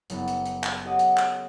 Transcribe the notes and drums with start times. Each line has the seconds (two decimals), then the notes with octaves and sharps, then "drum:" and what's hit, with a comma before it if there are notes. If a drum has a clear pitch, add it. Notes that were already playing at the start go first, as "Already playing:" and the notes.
0.10 F#1 B3, drum: hi-hat
0.28 drum: hi-hat
0.46 drum: hi-hat
0.63 drum: clap
0.85 G4 A4 C#5 D#5 F#5
0.99 drum: hi-hat
1.17 drum: clap